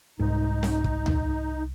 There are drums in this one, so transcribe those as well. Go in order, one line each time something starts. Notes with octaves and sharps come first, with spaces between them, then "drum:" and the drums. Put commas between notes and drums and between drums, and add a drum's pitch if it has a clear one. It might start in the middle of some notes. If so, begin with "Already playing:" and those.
C2 G#2 D#4
drum: snare
drum: kick
drum: tom D2